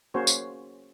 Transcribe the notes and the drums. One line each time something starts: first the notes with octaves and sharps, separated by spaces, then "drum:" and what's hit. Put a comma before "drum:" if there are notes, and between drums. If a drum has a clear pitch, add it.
A#3 C#4 F#4 G#4 C5 C#5
drum: tambourine